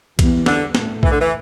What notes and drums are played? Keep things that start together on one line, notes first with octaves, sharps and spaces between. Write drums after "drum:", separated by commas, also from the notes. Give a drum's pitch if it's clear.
E2 E3 G3 B3, drum: kick, cymbal
D3, drum: snare
A2 A3, drum: snare
E3, drum: kick
D3
E3